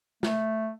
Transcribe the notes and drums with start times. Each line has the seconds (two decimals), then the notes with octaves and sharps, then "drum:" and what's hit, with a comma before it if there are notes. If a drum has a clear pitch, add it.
0.23 A3, drum: snare